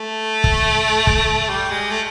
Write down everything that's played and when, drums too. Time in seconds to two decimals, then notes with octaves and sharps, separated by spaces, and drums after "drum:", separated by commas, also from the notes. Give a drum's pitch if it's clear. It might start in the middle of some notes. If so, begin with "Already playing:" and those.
Already playing: A3
0.44 drum: kick
1.07 drum: kick
1.49 G3
1.71 G#3
1.91 A3